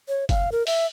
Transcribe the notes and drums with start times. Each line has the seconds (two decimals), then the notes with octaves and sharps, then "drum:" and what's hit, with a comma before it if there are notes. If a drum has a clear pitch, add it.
0.08 C#5
0.29 F5, drum: kick F#1, hi-hat
0.52 A#4
0.67 E5, drum: open hi-hat